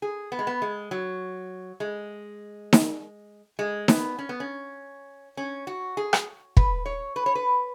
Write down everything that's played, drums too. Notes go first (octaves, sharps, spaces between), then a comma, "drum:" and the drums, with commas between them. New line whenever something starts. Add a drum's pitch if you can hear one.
G#4
B3
G#3
B3
G#3
F#3
G#3
drum: snare D#4
G#3
B3, drum: snare D#4
C#4
B3
C#4
C#4
F#4
G#4
drum: rim click
B4, drum: kick
C#5
B4
C#5
B4